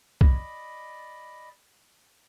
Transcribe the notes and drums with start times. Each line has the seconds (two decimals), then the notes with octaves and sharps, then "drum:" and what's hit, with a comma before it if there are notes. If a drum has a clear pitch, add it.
0.21 D5 D#5 B5, drum: kick